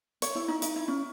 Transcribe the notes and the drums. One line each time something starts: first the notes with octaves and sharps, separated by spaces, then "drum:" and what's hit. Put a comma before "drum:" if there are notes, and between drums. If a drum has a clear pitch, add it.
C#5, drum: hi-hat
E4
D#4
D#4, drum: hi-hat
E4
C#4